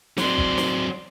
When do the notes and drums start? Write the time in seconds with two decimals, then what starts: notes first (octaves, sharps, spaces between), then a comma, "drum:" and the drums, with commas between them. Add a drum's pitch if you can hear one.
0.18 F#3 C4 D5 C6, drum: snare
0.38 drum: kick
0.58 drum: snare